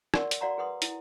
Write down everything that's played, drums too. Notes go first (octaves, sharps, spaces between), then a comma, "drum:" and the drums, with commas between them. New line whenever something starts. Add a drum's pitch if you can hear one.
A#4 D5 F#5 C6 C#6 E6, drum: rim click
drum: hi-hat
F#4 D5 F5 F#5 A#5 C6
G#4 B4 F#5 C6 D#6
E4, drum: hi-hat